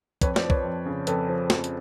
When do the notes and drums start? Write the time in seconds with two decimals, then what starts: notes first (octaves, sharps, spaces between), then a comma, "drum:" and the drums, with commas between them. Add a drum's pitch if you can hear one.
0.21 F2 B4 C#5, drum: kick, hi-hat
0.36 C5 D5, drum: snare
0.43 F3
0.50 B4 C#5, drum: kick
0.64 F2
0.86 C#3
1.07 F2 A4 B4, drum: hi-hat
1.28 F3
1.50 F2, drum: snare
1.64 drum: hi-hat